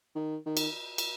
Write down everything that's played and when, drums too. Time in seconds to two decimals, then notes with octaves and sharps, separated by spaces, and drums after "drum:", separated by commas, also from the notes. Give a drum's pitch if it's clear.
0.15 D#3
0.46 D#3
0.57 drum: cymbal
0.98 drum: cymbal